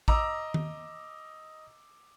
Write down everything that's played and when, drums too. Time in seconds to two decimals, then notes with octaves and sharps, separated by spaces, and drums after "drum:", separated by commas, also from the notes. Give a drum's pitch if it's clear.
0.08 D#5 A#5 D6 E6, drum: kick
0.54 drum: tom D#3